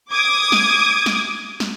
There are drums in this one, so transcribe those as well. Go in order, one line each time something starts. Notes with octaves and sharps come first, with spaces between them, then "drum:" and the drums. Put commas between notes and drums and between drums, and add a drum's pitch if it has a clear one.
D6 D#6 G#6
drum: snare
drum: snare
drum: snare